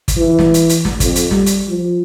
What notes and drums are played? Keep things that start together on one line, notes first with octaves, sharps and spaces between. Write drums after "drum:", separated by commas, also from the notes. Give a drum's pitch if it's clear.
drum: kick, hi-hat
E3
drum: snare
drum: hi-hat
drum: hi-hat
drum: snare
F2, drum: kick, hi-hat
drum: hi-hat
G3, drum: snare
drum: hi-hat
F3